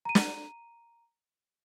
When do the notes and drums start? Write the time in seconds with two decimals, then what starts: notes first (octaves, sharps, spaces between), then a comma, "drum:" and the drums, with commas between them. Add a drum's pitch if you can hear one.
0.05 A#5 D#7
0.15 drum: snare